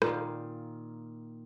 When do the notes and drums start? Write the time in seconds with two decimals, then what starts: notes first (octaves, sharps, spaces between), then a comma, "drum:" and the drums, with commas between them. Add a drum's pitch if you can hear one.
0.02 A#2 D#3 F5, drum: rim click